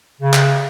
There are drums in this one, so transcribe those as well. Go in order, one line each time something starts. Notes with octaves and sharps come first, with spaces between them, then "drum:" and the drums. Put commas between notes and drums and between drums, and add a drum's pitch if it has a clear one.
C#3
drum: clap